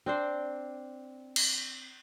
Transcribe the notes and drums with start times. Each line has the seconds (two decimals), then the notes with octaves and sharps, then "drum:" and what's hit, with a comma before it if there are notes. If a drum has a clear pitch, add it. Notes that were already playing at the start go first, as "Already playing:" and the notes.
0.06 C4 D4 C5
1.36 drum: cymbal